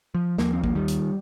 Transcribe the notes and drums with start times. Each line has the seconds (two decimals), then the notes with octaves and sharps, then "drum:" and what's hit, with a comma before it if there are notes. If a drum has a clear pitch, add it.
0.15 F3
0.38 D#2 F3 A#3, drum: snare
0.53 C4
0.64 A#3, drum: kick A1
0.75 D#3 G3
0.88 drum: hi-hat